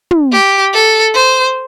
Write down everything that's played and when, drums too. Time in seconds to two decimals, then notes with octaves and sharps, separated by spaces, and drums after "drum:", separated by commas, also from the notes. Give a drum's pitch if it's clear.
0.11 drum: tom
0.32 G4
0.73 A4
1.14 C5